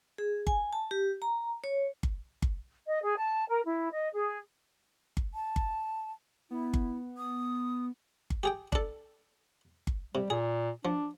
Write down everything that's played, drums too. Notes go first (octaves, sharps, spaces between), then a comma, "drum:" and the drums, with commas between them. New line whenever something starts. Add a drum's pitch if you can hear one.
G#4
G#5, drum: kick G1
A5
G4
A#5
C#5
drum: kick G1
drum: kick G1
D#5
G#4
A5
A#4
E4
D#5
G#4
drum: kick G1
A5
drum: kick G1
B3 E4
drum: kick G1
D#6
drum: kick G1
G4 G#4 G5
D4 A4, drum: kick G1
drum: kick G1
C3 G3
A#2 G#4
F3 D4